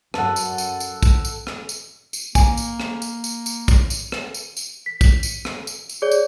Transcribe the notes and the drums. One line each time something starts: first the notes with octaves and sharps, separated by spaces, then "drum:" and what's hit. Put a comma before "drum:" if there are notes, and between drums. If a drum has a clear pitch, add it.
F#2 A4 F#5, drum: rim click
drum: tambourine
drum: tambourine
drum: tambourine
drum: kick, tambourine
drum: tambourine
drum: rim click
drum: tambourine
drum: tambourine
A#3 G#5, drum: kick, tambourine
drum: tambourine
drum: rim click
drum: tambourine
drum: tambourine
drum: tambourine
drum: kick, tambourine
drum: tambourine
drum: rim click
drum: tambourine
drum: tambourine
B6
drum: kick, tambourine
drum: tambourine
drum: rim click
drum: tambourine
drum: tambourine
G#4 C#5 D5
drum: tambourine